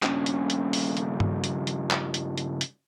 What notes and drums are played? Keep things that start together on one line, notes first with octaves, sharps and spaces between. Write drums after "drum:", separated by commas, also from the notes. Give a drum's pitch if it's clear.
G2 C#3, drum: clap
drum: hi-hat
drum: hi-hat
drum: open hi-hat
drum: hi-hat
drum: tom G2
drum: hi-hat
drum: hi-hat
drum: clap
drum: hi-hat
drum: hi-hat
drum: hi-hat